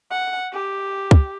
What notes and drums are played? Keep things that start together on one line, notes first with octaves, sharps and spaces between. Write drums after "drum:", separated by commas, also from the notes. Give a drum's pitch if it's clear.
F#5
G4
drum: kick